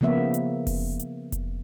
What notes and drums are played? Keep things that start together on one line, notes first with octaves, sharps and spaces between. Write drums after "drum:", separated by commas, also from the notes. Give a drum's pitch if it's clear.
C#3 F3 A#3 B3 E5
drum: hi-hat
drum: kick F1, open hi-hat
drum: hi-hat
drum: kick F1, hi-hat